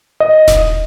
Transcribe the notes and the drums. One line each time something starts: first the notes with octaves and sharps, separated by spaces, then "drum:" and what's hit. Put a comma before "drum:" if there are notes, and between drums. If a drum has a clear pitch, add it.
D#5
drum: snare D#1